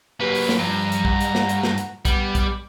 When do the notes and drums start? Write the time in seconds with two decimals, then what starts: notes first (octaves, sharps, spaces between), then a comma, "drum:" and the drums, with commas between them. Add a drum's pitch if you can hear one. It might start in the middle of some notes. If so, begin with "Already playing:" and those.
0.20 F#3 A#3 G4 B4
0.35 drum: open hi-hat
0.49 drum: snare
0.59 G2 F3 A#5
0.92 drum: hi-hat
1.05 F#5, drum: kick
1.21 drum: hi-hat
1.35 drum: snare
1.49 drum: hi-hat
1.63 drum: snare
1.78 drum: hi-hat
2.05 G3 B3 D6, drum: kick, hi-hat
2.35 drum: kick, hi-hat